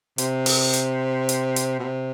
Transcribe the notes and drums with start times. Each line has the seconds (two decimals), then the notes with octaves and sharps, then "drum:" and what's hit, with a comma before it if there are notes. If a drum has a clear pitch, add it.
0.18 C3, drum: hi-hat
0.46 drum: open hi-hat
0.73 drum: hi-hat
1.29 drum: hi-hat
1.56 drum: hi-hat
1.79 B2
1.84 C3